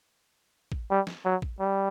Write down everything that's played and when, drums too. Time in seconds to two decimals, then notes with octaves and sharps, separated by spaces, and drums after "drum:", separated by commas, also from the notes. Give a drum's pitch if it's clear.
0.72 drum: kick
0.90 G3
1.07 drum: snare
1.25 F#3
1.42 drum: kick
1.59 G3